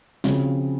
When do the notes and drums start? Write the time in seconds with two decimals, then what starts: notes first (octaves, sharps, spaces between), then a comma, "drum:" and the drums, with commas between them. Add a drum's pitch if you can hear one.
0.24 C#3 F3 C4 F#4, drum: snare